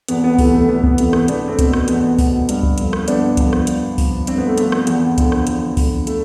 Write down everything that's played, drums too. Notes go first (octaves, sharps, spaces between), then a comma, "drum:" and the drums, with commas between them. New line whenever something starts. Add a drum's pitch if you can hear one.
E2 B3, drum: hi-hat
B3
C3 E3 A3, drum: kick, open hi-hat
A3
E2 B3
B3, drum: kick
C3 E3 A3, drum: hi-hat
A3
B3, drum: rim click
E2 B3 D4, drum: hi-hat
A3 C4
B2, drum: kick, hi-hat
drum: rim click
E2 B3, drum: hi-hat
B2, drum: kick, open hi-hat
G2, drum: hi-hat
drum: kick
D3 F3, drum: hi-hat
drum: rim click
G2 B3 D4, drum: hi-hat
D3 F3, drum: kick, hi-hat
drum: rim click
G2, drum: hi-hat
F3, drum: kick, open hi-hat
G2 C4, drum: hi-hat
B3
A3
F3 B3, drum: hi-hat
drum: rim click
E2, drum: hi-hat
D3 F3, drum: kick, hi-hat
drum: rim click
E2, drum: hi-hat
D3 F3, drum: kick, open hi-hat
A3, drum: hi-hat